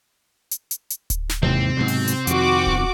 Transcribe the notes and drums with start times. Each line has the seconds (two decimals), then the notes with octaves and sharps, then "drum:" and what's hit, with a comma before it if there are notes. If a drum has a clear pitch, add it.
0.51 drum: hi-hat
0.71 drum: hi-hat
0.90 drum: hi-hat
1.10 drum: kick D1, hi-hat
1.29 drum: snare
1.43 D#2 G#2 C3 E3 C4
1.77 G#2 B2 F#3
1.88 drum: open hi-hat
2.08 drum: hi-hat
2.27 F2 D#3 F#4 D6, drum: hi-hat
2.66 drum: kick D1